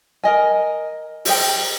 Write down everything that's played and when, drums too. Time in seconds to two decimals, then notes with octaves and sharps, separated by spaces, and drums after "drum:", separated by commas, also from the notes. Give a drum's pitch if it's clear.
0.24 A#4 D#5 G#5
1.25 G4 C5 D#5 G5, drum: open hi-hat